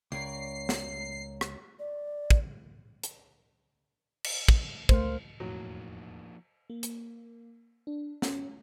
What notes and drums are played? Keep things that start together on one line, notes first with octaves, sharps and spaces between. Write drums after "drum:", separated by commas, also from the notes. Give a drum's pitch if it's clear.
C#2 A#4 C#5 D5 C7
drum: snare
drum: rim click
D5
drum: kick
drum: hi-hat
drum: cymbal
drum: kick
C#2 A3 A#4 C5 F5, drum: kick
E1 F2 A2 F3 F#3 A#3 D#4
A#3
drum: hi-hat
D4
C#4, drum: snare